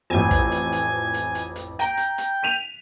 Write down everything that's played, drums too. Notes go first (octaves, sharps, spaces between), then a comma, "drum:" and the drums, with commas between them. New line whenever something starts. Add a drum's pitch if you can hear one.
A1 F2 G#5
drum: kick, hi-hat
drum: hi-hat
drum: hi-hat
drum: hi-hat
drum: hi-hat
drum: hi-hat
G5 A#5, drum: hi-hat
drum: hi-hat
drum: hi-hat
B6 D#7 F7